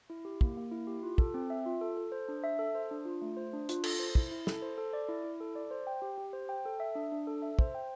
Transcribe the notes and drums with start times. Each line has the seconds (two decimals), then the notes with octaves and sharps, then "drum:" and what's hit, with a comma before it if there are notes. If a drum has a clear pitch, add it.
0.10 E4
0.25 G4
0.41 A#3, drum: kick
0.57 A#3
0.72 E4
0.87 G4
1.03 F4
1.18 A4, drum: kick
1.34 C4
1.50 E5
1.66 F4
1.81 A4
1.97 A4
2.12 C5
2.28 D4
2.44 E5
2.59 A4
2.75 C5
2.91 D4
3.05 F4
3.22 A3
3.37 C5
3.53 D4
3.69 F4, drum: hi-hat
3.84 A4, drum: cymbal
3.99 C5
4.15 E4, drum: kick
4.31 E4
4.47 A4, drum: snare
4.62 C5
4.78 A4
4.93 D5
5.09 E4
5.24 E4
5.41 A4
5.55 D5
5.71 C5
5.87 G5
6.02 G4
6.18 G4
6.33 C5
6.49 G5
6.65 A4
6.80 E5
6.95 D4
7.12 D4
7.27 A4
7.42 E5
7.59 C5, drum: kick
7.75 G5